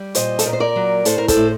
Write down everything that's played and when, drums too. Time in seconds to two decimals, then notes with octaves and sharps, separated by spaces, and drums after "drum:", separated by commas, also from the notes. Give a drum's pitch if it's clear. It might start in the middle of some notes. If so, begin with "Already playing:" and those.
Already playing: G3
0.15 A#2 C5 D#5, drum: hi-hat
0.39 A4, drum: hi-hat
0.46 A#2 A#4
0.53 C5
0.60 A#4 D5
0.76 F#3
1.05 A2 A4 C5, drum: hi-hat
1.18 A#4
1.28 A4 C5, drum: kick, hi-hat
1.36 A2